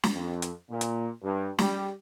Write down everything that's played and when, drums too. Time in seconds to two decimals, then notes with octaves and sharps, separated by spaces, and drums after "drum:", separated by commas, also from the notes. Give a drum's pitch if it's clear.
0.03 drum: snare
0.14 F2
0.42 drum: hi-hat
0.70 A#2
0.81 drum: hi-hat
1.23 G2
1.59 G3, drum: snare